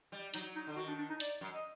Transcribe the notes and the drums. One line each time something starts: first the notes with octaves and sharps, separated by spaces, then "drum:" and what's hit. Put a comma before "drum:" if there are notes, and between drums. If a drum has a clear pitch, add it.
G3
F#3 D#4, drum: hi-hat
D#4
D3
D#3 F#4
D4
D4
D#4
D5, drum: hi-hat
F#2
D#5